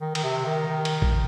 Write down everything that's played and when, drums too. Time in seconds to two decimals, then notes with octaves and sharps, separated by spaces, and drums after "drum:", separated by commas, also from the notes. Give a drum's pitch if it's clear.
0.01 D#3
0.15 D#3, drum: cymbal
0.23 C3
0.46 D#3
0.68 D#3
0.85 drum: cymbal
1.02 drum: kick A1